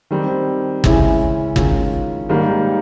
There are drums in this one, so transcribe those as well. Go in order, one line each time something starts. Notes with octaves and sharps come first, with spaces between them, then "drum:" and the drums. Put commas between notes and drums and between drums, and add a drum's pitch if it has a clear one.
D#3 G3 C4
C#3 E3 G#3 C#4 E4, drum: kick
D#3 G#3 C#4 F4, drum: kick
G#2 D#3 G3 A#3